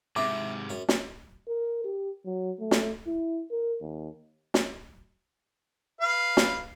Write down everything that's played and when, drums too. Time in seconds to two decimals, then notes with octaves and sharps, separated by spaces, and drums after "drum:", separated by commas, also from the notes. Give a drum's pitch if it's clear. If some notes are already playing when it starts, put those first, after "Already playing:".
0.16 G#2 C3 E4 D6
0.70 F#2 C#4
0.89 drum: snare
1.48 A#4
1.85 G4
2.26 F#3
2.60 A3
2.71 drum: snare
3.07 E4
3.51 A#4
3.81 D#2
4.54 drum: snare
6.01 B4 F5
6.37 drum: snare